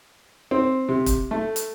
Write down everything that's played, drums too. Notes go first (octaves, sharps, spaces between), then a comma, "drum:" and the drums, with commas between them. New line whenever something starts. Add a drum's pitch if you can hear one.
C4
C3
drum: kick, hi-hat
A3
drum: hi-hat